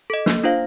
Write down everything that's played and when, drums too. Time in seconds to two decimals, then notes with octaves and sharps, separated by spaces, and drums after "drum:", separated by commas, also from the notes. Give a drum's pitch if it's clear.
0.10 A4 D#5
0.26 A#3, drum: snare
0.44 D4 F4 C5 F5